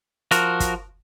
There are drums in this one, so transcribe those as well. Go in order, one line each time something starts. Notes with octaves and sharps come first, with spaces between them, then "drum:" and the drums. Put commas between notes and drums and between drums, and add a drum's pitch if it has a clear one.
F3 F#4 A#4, drum: hi-hat
drum: kick, hi-hat